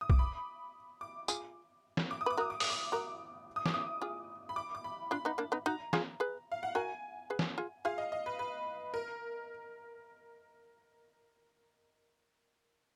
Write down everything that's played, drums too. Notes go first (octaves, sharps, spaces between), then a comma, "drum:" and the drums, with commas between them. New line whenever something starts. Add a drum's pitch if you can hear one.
D#6
D6, drum: kick B1
B5
D6
F4 G#4, drum: tambourine
drum: snare
D6
D#6
B4 D6
F#4 A#4 D#6
D6
D#6, drum: open hi-hat
D6
F#4 A#4 D6
D#6
D6, drum: snare
D#6
F4 G#4
B5
D6
D6
B5
D4 F4 B5
B3 D#4
A#3 D4
B3 D#4
D#4 F#4 A#5
F4 G#4, drum: snare
G#4 B4
F5
F#5
F#4 A#4 G#5
G#4 B4
drum: snare
F4 G#4
F4 G#4 F5
D#5
D#5
B4
B4
A#4